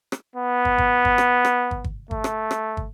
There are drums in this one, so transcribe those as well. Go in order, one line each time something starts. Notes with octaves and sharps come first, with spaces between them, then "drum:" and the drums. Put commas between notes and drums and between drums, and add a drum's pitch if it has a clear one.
drum: rim click
B3
drum: kick
drum: kick
drum: kick
drum: rim click
drum: rim click
drum: kick
drum: kick
A3, drum: kick
drum: rim click
drum: rim click
drum: kick